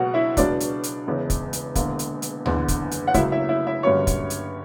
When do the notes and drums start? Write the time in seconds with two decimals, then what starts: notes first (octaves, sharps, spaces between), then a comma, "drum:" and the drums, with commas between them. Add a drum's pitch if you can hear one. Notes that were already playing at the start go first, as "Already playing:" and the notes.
Already playing: C#2 B2 F#3 A#3 F#4 F#5
0.14 E4 E5
0.37 C#2 B2 F#3 D4 D5, drum: kick, hi-hat
0.60 drum: hi-hat
0.83 drum: hi-hat
1.07 E1 E2 C#3
1.30 drum: kick, hi-hat
1.53 drum: hi-hat
1.75 E1 E2 D3 A#3, drum: kick, hi-hat
1.99 drum: hi-hat
2.22 drum: hi-hat
2.46 F#1 E2 D3, drum: tom D2
2.68 drum: kick, hi-hat
2.91 drum: hi-hat
3.07 F#5
3.14 C#2 C#3 F#3 A#3 E4 E5, drum: kick, hi-hat
3.32 E4 E5
3.49 E4 E5
3.67 E4 E5
3.83 G1 G2 D3 F#3 A#3 C#4 C#5
4.07 drum: kick, hi-hat
4.30 drum: hi-hat